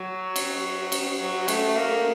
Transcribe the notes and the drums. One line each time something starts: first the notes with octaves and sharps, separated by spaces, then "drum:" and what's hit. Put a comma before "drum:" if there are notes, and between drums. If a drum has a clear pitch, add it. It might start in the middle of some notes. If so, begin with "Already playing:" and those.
Already playing: F#3
drum: cymbal
drum: cymbal
F#3
A3, drum: cymbal
A#3